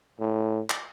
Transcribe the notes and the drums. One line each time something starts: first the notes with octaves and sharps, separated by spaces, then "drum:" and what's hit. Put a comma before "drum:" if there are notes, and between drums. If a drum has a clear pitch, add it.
A2
drum: clap